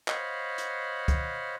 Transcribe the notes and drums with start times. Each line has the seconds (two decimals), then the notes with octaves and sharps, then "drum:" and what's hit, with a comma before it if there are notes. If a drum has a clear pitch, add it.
0.08 C5 C#5 D#5 F5 F#5 B5, drum: clap
0.58 drum: hi-hat
1.08 drum: kick, hi-hat